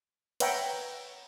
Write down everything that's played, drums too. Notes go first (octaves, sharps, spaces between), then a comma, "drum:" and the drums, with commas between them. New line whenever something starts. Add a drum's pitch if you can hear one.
B4 C#5 E5 F#5 G5 A#5, drum: cymbal